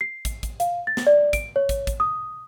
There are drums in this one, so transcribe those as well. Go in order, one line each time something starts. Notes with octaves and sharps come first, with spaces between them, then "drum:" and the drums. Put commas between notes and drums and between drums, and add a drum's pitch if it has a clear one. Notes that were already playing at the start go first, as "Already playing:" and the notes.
C7
drum: kick, hi-hat
drum: kick, hi-hat
F5, drum: hi-hat
A6
drum: snare
D5
D7, drum: kick, hi-hat
C#5
drum: kick, hi-hat
drum: kick, hi-hat
D#6